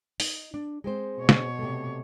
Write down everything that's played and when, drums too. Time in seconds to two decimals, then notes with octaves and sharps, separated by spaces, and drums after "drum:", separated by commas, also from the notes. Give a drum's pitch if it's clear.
0.20 D#4, drum: open hi-hat
0.54 D4
0.84 G#3 C4 C5
1.19 B2 C#5
1.29 drum: snare
1.59 C3 A3